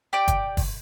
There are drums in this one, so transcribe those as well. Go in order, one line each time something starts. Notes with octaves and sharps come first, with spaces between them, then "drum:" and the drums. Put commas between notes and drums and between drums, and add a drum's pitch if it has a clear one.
G4 D5 G5
drum: kick, hi-hat
drum: kick, open hi-hat